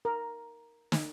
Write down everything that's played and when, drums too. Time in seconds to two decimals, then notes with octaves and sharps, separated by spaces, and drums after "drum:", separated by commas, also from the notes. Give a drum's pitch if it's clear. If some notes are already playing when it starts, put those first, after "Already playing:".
0.05 A#4
0.92 drum: snare